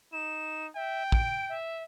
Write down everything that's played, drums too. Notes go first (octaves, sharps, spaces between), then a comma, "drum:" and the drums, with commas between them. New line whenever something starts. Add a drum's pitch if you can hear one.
D#4 E7
E5 G5
D7, drum: kick
E5